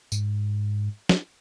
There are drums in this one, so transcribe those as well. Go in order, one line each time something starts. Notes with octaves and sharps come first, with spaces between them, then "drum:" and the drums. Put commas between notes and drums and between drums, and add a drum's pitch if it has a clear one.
G#2, drum: tambourine
drum: snare